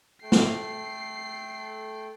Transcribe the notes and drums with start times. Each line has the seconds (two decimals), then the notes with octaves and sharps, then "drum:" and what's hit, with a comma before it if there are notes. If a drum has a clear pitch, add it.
0.23 A3 A4 G5 C7
0.32 drum: snare